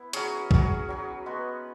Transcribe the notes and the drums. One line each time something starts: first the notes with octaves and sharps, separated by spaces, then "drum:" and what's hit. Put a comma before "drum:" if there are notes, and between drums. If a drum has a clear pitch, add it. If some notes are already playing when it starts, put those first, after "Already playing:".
Already playing: B3 E4
F#3 C#4 G#4 C#5, drum: hi-hat
F#3 C#4 G#4, drum: kick
F#3 C#4 G#4
G#3 B3 F#4 B4